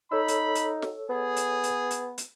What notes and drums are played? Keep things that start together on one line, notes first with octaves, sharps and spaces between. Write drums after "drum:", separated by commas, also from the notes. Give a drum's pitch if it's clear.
D#4 A4 C#5 B5 E6
drum: hi-hat
drum: hi-hat
drum: snare
B3 G#4
drum: hi-hat
drum: hi-hat
drum: hi-hat
drum: hi-hat